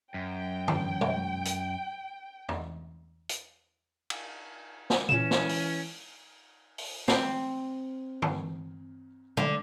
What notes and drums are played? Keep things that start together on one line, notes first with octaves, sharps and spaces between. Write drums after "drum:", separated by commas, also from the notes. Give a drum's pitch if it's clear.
F#2 G5
drum: tom
drum: tom
drum: hi-hat
drum: tom E2
drum: hi-hat
drum: cymbal
drum: snare
A#2 C#3 E3 C#4 E7
drum: snare
drum: open hi-hat
drum: open hi-hat
C4, drum: snare
drum: tom
D3, drum: tom